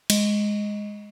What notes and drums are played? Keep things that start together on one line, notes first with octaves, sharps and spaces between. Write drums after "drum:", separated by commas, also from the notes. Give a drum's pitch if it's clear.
G#3, drum: cymbal